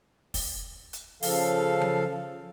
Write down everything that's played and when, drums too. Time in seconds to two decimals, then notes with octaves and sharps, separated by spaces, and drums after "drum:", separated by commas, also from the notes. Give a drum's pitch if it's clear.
0.34 drum: kick, open hi-hat
0.93 drum: hi-hat
1.23 C#3 F3 A4 F5, drum: open hi-hat
1.82 drum: tom F3